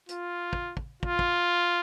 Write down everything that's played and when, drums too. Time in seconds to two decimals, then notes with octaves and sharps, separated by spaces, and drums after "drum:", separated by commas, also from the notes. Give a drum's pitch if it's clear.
0.09 F4, drum: hi-hat
0.53 drum: kick
0.77 drum: kick
1.03 F4, drum: kick
1.19 drum: kick